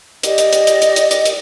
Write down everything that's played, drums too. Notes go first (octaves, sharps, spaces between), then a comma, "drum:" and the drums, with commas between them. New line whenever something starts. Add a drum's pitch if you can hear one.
G4 D5 D#5, drum: hi-hat
drum: hi-hat
drum: hi-hat
drum: hi-hat
drum: hi-hat
drum: hi-hat
drum: hi-hat
drum: hi-hat